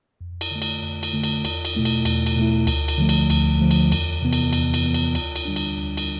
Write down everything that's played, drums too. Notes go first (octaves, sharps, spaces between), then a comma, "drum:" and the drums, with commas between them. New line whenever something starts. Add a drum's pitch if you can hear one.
F2
drum: cymbal
D3 A3
drum: cymbal
F2
drum: cymbal
D3 A3
drum: cymbal
E2, drum: cymbal
drum: cymbal
B2 A3 E4
drum: cymbal
E2, drum: cymbal
drum: cymbal
B2 A3 E4
D2, drum: cymbal
drum: cymbal
D3 F3 A3
drum: cymbal
D2, drum: cymbal
D3 F3 A3
drum: cymbal
E2, drum: cymbal
C3 E3 B3
drum: cymbal
E2, drum: cymbal
drum: cymbal
C3 E3 B3
drum: cymbal
D2, drum: cymbal
drum: cymbal
D3 G3 D4
drum: cymbal
D2
drum: cymbal